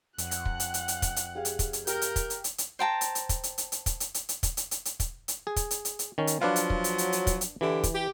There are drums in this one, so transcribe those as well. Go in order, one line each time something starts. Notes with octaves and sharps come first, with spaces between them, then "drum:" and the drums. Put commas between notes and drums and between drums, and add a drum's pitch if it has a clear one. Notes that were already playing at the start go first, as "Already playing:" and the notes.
F2 F#5 F#6, drum: hi-hat
drum: hi-hat
drum: kick
drum: hi-hat
drum: hi-hat
drum: hi-hat
drum: kick, hi-hat
drum: hi-hat
G4 G#4 F5
drum: hi-hat
drum: kick, hi-hat
drum: hi-hat
G4 A#4 G6, drum: hi-hat
drum: hi-hat
drum: kick, hi-hat
drum: hi-hat
drum: hi-hat
drum: hi-hat
C5 G5 A5 A#5
drum: hi-hat
drum: hi-hat
drum: kick, hi-hat
drum: hi-hat
drum: hi-hat
drum: hi-hat
drum: kick, hi-hat
drum: hi-hat
drum: hi-hat
drum: hi-hat
drum: kick, hi-hat
drum: hi-hat
drum: hi-hat
drum: hi-hat
drum: kick, hi-hat
drum: hi-hat
G#4
drum: kick, hi-hat
drum: hi-hat
drum: hi-hat
drum: hi-hat
D#3 C#4
drum: hi-hat
F3 F#3 D4 B4 F5
drum: hi-hat
drum: kick
drum: hi-hat
drum: hi-hat
drum: hi-hat
drum: kick, hi-hat
drum: hi-hat
D3 E3 E4 G4
drum: kick, hi-hat
G4